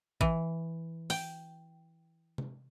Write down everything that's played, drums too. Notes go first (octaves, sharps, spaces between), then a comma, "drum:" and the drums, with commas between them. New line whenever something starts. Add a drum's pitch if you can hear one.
E3, drum: kick A1
G5, drum: open hi-hat
drum: tom C3